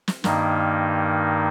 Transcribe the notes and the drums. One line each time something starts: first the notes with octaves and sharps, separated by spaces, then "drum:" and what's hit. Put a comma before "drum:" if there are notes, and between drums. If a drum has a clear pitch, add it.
drum: snare
G2 D#3 A#3 D#4, drum: snare